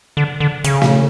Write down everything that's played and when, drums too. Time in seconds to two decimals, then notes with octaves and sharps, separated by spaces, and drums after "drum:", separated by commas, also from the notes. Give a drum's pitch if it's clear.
0.17 D3
0.40 D3
0.64 C#3, drum: hi-hat
0.82 drum: snare